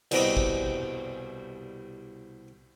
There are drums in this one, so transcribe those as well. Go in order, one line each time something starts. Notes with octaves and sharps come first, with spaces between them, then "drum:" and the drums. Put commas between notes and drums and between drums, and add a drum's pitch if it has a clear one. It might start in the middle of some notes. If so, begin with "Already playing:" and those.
C2 B2 G3 C4 D#5 D6, drum: cymbal
drum: kick